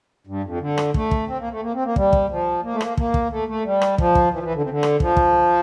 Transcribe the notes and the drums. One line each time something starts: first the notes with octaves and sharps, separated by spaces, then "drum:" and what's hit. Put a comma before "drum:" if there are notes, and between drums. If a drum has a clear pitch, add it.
G2
F2
D3
drum: rim click
A3, drum: kick
drum: kick
C4
A#3
A3
A#3
C4
A#3
G3, drum: kick
drum: kick
F3
A#3
A3
A#3, drum: rim click
A#3, drum: kick
drum: kick
A3
A3
G3
drum: rim click
F3, drum: kick
drum: kick
E3
F3
E3
D3
C3
D3
drum: rim click
F3, drum: kick
drum: kick